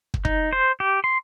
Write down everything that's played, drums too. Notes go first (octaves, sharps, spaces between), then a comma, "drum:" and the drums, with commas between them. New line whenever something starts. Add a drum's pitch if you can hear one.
drum: kick
D#4, drum: kick
C5
G4
C6